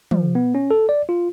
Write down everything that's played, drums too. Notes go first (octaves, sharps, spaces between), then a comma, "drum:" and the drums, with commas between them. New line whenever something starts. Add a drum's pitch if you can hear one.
F3, drum: tom
B3
C#4
A4
D5
F4